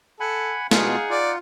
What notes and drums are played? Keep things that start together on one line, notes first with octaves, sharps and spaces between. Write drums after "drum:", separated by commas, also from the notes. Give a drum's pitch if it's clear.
A4 F#5 G#5 B5
B2 D#4 F4 G#4 F5 F#5, drum: snare
F4 D5